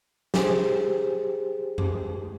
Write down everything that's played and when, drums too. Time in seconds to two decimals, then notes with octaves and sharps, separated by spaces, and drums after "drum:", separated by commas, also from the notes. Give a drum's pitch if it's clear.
0.34 G4 G#4 C5, drum: snare
1.78 drum: tom F#2